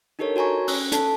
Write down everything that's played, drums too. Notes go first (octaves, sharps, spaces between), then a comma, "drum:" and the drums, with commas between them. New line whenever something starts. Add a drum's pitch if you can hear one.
D4 D#4 G4 A4 A#4 C#5
F#4 C#5 G#5 A#5 C#6
C#4 E6 F#6, drum: open hi-hat
A4 A5, drum: hi-hat